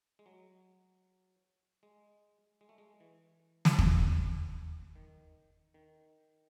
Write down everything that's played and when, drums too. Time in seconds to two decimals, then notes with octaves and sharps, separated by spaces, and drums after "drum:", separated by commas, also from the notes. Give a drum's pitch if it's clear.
0.19 G#3
0.26 F#3
1.83 G#3
2.61 G#3
2.69 A3
2.78 G#3
3.00 E3
3.65 drum: snare
3.79 drum: kick
4.96 D#3
5.74 D#3